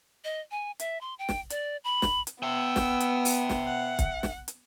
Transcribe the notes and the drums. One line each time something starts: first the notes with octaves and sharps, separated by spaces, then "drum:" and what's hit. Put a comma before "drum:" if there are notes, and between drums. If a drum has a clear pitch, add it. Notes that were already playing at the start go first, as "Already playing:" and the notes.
D#5
G#5
E5, drum: hi-hat
C6
G5
drum: snare
D5, drum: hi-hat
B5
drum: snare
drum: hi-hat
B3 E5 G5 E6
drum: snare
drum: hi-hat
drum: open hi-hat
drum: snare
F#5
drum: kick, hi-hat
drum: snare
drum: hi-hat